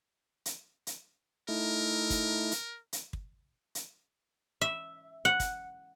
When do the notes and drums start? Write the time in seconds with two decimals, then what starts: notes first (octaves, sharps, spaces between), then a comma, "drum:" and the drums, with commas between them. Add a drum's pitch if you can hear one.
0.45 drum: hi-hat
0.87 drum: hi-hat
1.48 A3 D#4 E4 A#4
2.10 drum: kick, hi-hat
2.51 drum: hi-hat
2.93 drum: hi-hat
3.13 drum: kick
3.75 drum: hi-hat
4.61 E5
5.25 F#5
5.40 drum: kick, hi-hat